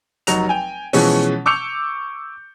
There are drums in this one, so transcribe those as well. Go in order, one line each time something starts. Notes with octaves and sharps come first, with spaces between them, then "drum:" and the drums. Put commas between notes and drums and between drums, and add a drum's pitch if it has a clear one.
F1 F#3 D#4 F7, drum: hi-hat
G5 G#5
B2 E3 F3 G#3 C#4, drum: open hi-hat
C#6 D6 E6 G6 C#7 F7